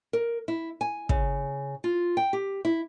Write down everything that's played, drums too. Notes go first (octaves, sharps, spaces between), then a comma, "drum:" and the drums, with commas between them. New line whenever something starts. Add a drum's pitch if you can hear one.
A#4
E4
G#5
C#3, drum: kick
F4
G5
G4
E4